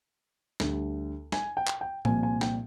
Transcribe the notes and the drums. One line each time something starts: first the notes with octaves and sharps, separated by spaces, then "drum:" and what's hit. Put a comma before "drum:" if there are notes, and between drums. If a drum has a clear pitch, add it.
D2 D3 G3, drum: snare
G#5, drum: snare
G5
drum: clap
G5
C2 A#2 F3 A#3 G#5, drum: tom A2
G#5
G5, drum: snare